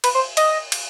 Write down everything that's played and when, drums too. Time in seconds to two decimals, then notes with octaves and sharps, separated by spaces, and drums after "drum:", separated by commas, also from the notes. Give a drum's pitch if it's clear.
0.04 B4, drum: cymbal
0.15 C5
0.37 D#5, drum: cymbal
0.72 drum: cymbal